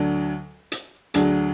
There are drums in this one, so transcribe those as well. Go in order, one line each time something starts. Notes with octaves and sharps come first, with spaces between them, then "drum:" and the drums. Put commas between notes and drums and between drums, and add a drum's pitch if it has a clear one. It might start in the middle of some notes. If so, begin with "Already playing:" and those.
Already playing: D2 D3 F#3 D4
drum: hi-hat
D2 D3 F#3 D4 G#4, drum: hi-hat